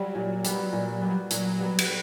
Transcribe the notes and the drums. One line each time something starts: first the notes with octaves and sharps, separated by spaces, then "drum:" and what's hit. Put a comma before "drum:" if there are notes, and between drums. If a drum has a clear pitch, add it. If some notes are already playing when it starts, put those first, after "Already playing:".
Already playing: F#3 G3
A#2
G3 B3, drum: hi-hat
A#2
G3 B3
A#2 F#3, drum: hi-hat
G3 B3
drum: cymbal